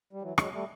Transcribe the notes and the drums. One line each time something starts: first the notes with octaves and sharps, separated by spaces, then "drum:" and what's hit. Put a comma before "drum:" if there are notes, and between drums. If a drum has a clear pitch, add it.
G3
E3 F#3
F#3 G#3, drum: rim click
G3 A3